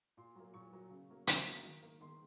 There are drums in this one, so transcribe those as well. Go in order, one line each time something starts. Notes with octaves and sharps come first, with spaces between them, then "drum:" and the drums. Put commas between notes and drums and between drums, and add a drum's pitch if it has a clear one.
A#2 C6
F#3 A#3
A#2 C#6
F#3 A#3
C#3
F#3 A#3
C#3 C6, drum: hi-hat
F#3 A#3
D#3
A#3
D#3 C6